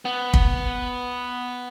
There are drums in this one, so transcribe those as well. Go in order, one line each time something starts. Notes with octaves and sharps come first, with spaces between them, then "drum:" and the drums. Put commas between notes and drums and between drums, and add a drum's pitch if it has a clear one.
B3
drum: kick